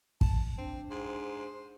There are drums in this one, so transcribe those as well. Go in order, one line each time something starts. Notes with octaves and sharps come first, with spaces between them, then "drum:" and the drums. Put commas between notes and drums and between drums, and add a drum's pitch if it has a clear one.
A5, drum: kick
C4 D4
G#2 C5